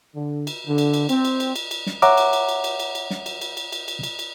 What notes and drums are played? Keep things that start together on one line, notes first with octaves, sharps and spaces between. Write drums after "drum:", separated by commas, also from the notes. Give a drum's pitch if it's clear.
D3
drum: cymbal
D3
drum: cymbal
drum: cymbal
C4, drum: cymbal
drum: cymbal
drum: cymbal
drum: cymbal
drum: cymbal
drum: snare
C#5 E5 F#5 A#5 D6, drum: cymbal
drum: cymbal
drum: cymbal
drum: cymbal
drum: cymbal
drum: cymbal
drum: cymbal
drum: snare
drum: cymbal
drum: cymbal
drum: cymbal
drum: cymbal
drum: cymbal
drum: cymbal
drum: cymbal